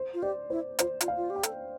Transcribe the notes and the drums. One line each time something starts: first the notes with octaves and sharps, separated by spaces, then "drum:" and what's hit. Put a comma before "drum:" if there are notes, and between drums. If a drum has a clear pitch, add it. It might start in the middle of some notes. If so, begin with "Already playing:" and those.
Already playing: C5
F4
G4 D5
E4 C5
F4 C5, drum: hi-hat
F4, drum: hi-hat
F5
F4
G4
G5
A4, drum: hi-hat